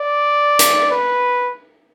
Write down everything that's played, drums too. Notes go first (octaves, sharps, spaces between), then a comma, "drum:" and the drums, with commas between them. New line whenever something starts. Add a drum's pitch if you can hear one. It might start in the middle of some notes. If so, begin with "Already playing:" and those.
Already playing: D5
drum: hi-hat
B4